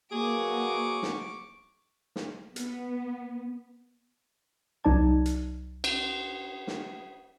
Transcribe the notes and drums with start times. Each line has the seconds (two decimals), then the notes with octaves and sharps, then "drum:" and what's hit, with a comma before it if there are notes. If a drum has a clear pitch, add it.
0.12 B2 F#3 A#3 F#4 G#4 C#6 D6
1.03 drum: snare
2.16 drum: snare
2.56 B3, drum: hi-hat
4.84 C2 F#3 D#4 D5 A5 G#6
5.26 drum: hi-hat
5.84 drum: cymbal
6.67 drum: snare